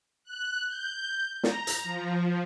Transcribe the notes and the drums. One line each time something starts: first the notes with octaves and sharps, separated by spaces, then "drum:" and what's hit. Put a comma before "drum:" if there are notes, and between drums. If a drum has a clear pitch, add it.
F#6
G6
A#5, drum: snare
drum: hi-hat
F3